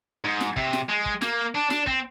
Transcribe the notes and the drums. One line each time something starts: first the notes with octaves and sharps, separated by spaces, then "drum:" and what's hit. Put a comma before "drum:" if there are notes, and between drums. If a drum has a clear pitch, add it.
G#2
drum: snare
C3, drum: kick
drum: snare
G#3
drum: kick
A#3, drum: snare
D4
D4, drum: snare
C4, drum: kick